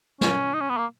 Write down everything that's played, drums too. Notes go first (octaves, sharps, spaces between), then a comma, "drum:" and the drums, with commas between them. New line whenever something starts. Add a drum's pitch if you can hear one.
C#4, drum: snare
D#4
C#4
B3
A#3